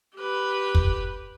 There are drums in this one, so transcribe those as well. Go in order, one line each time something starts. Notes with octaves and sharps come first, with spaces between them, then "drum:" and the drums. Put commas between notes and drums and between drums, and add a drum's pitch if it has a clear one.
G4 B4
drum: kick